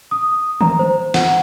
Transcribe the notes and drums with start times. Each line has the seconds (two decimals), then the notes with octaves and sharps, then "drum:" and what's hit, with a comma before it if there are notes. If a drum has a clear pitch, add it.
0.11 D#6
0.61 A#5, drum: tom D3
0.79 C5
1.14 F#5, drum: snare